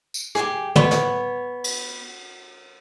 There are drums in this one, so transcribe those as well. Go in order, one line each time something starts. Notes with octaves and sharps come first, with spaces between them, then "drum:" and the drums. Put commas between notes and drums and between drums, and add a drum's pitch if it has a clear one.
drum: tambourine
G4 G#4, drum: rim click
B3 C#5, drum: tom
drum: snare
drum: cymbal